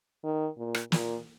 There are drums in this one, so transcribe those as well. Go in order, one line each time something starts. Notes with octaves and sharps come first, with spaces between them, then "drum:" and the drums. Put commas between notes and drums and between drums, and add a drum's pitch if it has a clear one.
D#3
A#2
drum: rim click
A#2, drum: snare